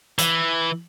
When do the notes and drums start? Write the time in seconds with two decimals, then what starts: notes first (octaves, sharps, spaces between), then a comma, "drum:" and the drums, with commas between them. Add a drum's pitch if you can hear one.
0.19 E3, drum: hi-hat